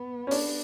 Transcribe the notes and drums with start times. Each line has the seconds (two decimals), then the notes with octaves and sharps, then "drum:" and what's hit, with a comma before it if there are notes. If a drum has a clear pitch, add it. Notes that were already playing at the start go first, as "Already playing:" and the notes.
Already playing: B3
0.27 C#4
0.31 D4, drum: open hi-hat